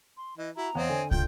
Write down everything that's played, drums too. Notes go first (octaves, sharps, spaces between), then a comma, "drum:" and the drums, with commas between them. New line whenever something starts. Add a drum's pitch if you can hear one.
C6
E3 D#5
E4 F#4 A#5
E2 C4 C#5 D#5 F5 F#5
D3 G#5
F4 G5 G6, drum: kick